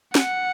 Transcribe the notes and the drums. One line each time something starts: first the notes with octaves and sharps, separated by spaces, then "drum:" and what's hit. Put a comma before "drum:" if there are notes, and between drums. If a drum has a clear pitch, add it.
F#5, drum: snare